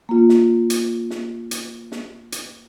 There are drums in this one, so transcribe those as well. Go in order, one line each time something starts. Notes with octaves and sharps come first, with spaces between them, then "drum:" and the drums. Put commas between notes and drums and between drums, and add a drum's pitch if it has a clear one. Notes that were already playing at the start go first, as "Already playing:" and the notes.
A#3 F4
drum: snare
drum: hi-hat
drum: snare
drum: hi-hat
drum: snare
drum: hi-hat